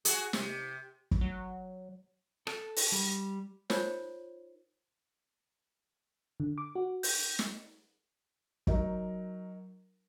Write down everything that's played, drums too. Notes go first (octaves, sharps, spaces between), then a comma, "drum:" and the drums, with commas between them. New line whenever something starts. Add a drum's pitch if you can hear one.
F#4 G#4, drum: hi-hat
C3, drum: snare
drum: kick
F#3
A4, drum: rim click
drum: open hi-hat
G3
D#4 F4 A#4 C5 C#5, drum: snare
D3
D6
F#4
G6, drum: open hi-hat
drum: snare
F#3 D#4 A#4, drum: kick